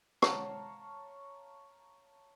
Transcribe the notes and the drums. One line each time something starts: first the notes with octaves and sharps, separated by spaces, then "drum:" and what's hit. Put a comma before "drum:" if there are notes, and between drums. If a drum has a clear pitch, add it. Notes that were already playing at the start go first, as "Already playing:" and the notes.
C#5 F5 A5 A#5, drum: rim click